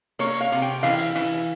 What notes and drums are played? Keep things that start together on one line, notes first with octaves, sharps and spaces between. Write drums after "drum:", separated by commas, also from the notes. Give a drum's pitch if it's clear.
A#3 C#5, drum: open hi-hat
F5
C3, drum: hi-hat
G5
E3 F5, drum: open hi-hat
drum: hi-hat
E3, drum: hi-hat
drum: hi-hat